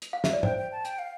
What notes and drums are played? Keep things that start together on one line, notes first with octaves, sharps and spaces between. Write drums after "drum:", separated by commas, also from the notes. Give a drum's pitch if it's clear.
drum: hi-hat
F5
E5, drum: snare
D5
C5 G5, drum: tom G#2
G5
A5
G5, drum: hi-hat
F5